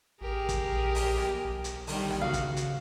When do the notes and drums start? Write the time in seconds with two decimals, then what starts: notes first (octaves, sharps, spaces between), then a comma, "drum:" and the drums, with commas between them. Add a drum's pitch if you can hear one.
0.21 A1 G4 G#4 A#4
0.49 drum: kick, hi-hat
0.68 A#1
0.95 drum: open hi-hat
1.18 drum: snare
1.44 B1
1.64 drum: hi-hat
1.87 D3 D#3 G3, drum: open hi-hat
2.10 drum: snare
2.21 C#3 F#4 F5
2.33 drum: kick, hi-hat
2.57 drum: hi-hat